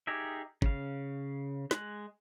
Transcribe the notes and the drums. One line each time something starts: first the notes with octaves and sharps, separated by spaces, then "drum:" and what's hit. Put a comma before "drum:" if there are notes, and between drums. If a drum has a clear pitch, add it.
D#4 G4 G#4 A#4 E5
C#3 F5, drum: kick G1
G#3 F#6, drum: snare